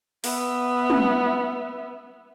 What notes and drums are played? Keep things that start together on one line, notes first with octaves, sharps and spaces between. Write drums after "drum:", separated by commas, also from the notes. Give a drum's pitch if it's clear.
B3 E5, drum: open hi-hat
drum: tom